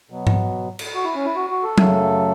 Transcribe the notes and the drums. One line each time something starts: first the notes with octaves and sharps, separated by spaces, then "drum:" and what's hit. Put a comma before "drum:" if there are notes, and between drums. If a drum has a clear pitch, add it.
B2 F#3 B3
drum: tom G#2
drum: cymbal
F#4
E4
C#4
E4
F#4
F#4
A4
F#2 C#3 F#3 A3, drum: tom F#3